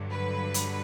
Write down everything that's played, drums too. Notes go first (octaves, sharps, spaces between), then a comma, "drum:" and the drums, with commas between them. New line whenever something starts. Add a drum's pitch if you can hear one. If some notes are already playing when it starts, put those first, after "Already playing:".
Already playing: G2 D3 F#3
B4
drum: hi-hat